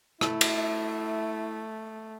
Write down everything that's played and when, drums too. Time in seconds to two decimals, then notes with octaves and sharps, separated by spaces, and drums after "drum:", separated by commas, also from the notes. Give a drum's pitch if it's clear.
0.21 A3 E4, drum: rim click
0.41 drum: cymbal